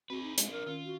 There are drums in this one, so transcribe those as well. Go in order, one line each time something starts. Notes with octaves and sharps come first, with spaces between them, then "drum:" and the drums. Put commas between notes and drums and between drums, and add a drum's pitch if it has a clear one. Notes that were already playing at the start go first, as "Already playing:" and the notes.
C4 F#4 G#4 B4
D#4
G#3 D4 F4, drum: hi-hat
A#4
D#3 C#4 F4
F#4